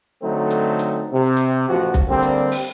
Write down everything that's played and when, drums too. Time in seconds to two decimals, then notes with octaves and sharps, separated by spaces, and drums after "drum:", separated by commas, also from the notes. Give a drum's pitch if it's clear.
0.23 D3 F#3 A3 C4 D#4
0.50 drum: hi-hat
0.79 drum: hi-hat
1.13 C3
1.37 drum: hi-hat
1.69 A1 F3 F#4
1.94 drum: kick B1, hi-hat
2.08 D3 G3 A#3 C4
2.23 drum: hi-hat
2.52 drum: open hi-hat